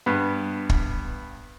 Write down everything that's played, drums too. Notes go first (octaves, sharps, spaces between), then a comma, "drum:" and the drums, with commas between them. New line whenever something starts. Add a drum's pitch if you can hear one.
G2 B3
drum: kick